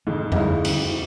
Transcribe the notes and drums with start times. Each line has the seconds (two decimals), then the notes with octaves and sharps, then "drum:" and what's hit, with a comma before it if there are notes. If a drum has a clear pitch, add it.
0.07 F2 G#2 D3 F3 A3
0.32 C#3 D#4 E4, drum: tom F2
0.65 drum: cymbal